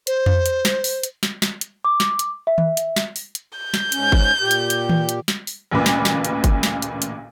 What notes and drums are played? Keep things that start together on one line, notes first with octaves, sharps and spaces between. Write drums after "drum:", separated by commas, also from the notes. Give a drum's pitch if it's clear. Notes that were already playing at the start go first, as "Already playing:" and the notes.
C5, drum: hi-hat
drum: tom F2
drum: hi-hat
drum: snare
drum: open hi-hat
drum: hi-hat
drum: snare
drum: snare
drum: hi-hat
D6
drum: snare
drum: hi-hat
E5
drum: tom D#3
drum: hi-hat
drum: snare
drum: open hi-hat
drum: hi-hat
G6
drum: snare
G#2 C#4, drum: hi-hat
drum: kick G1
A#2 G4
drum: hi-hat
drum: hi-hat
drum: tom D#3
drum: hi-hat
drum: snare
drum: open hi-hat
A1 D2 A#2 C#3 B4 D6
drum: snare
drum: snare
drum: hi-hat
drum: kick G1, hi-hat
drum: snare
drum: hi-hat
drum: hi-hat